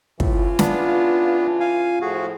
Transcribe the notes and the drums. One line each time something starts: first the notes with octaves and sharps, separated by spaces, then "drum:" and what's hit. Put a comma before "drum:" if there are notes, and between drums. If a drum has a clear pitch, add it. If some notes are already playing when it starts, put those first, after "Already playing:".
A2 C#3 E3 F4, drum: kick
B3 D4, drum: snare
F5 G#5
A2 F3 F#4 G#4